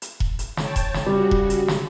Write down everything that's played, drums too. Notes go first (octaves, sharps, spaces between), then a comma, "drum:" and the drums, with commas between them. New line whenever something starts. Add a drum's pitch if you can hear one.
drum: hi-hat
drum: kick E1
drum: hi-hat
C#5 G5 A5, drum: snare
drum: kick E1, hi-hat
drum: snare
C#3 G3 F#4
drum: kick E1
drum: hi-hat
drum: snare